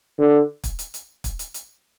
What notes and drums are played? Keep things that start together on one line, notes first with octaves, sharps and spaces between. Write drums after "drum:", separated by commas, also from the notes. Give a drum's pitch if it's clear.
D3
drum: kick, hi-hat
drum: hi-hat
drum: hi-hat
drum: kick, hi-hat
drum: hi-hat
drum: hi-hat